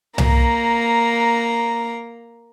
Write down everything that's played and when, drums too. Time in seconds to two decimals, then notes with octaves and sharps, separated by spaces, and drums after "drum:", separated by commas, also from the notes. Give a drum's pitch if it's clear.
0.18 A#3 A#5, drum: tom C2